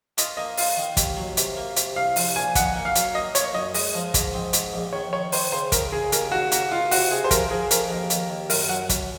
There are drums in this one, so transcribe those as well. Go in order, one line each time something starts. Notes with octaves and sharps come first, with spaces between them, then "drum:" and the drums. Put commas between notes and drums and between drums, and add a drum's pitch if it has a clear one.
F4 D#5, drum: hi-hat
A#3 D#5
F4 F5, drum: open hi-hat
D#3
D#2, drum: kick, hi-hat
F#3
C3, drum: hi-hat
A#3
C3, drum: hi-hat
C2 F5
F3, drum: open hi-hat
A#2 G#5
D#4 F#5, drum: kick, hi-hat
A#3
F5
F#3, drum: hi-hat
A#3 D#5
A#3 C#5, drum: hi-hat
F#2 D#5
G#3 D#5, drum: open hi-hat
F3
G#2, drum: kick, hi-hat
C4
G#2, drum: hi-hat
A#1
D#3 C#5
D#3 C#5
D#3 C5, drum: open hi-hat
C#3 C5
C#3 A#4, drum: kick, hi-hat
C#3 G#4
D#2 A#4, drum: hi-hat
C#3 F#4
A#3 F#4, drum: hi-hat
C#2 F4
C3 F#4, drum: open hi-hat
C3 G#4
C5
F3 A#4, drum: kick, hi-hat
F3 G#4
F2 A#4, drum: hi-hat
D#2
D#2, drum: hi-hat
D#2
F#2 A#4, drum: open hi-hat
F#3 F#5
F#2, drum: kick, hi-hat